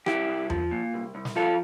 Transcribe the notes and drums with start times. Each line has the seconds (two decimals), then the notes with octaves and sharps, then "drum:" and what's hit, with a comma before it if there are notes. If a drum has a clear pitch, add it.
0.06 C2 E4 G4, drum: rim click
0.28 C2
0.50 F3, drum: tom E2
0.71 A#2
0.94 C2
1.15 C2
1.25 drum: snare
1.36 F3 F4 A4